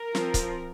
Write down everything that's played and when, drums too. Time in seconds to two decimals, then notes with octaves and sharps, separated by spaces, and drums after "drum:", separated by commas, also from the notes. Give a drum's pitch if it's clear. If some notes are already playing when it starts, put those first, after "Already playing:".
Already playing: A#4
0.15 F3 C4, drum: snare
0.34 drum: kick, hi-hat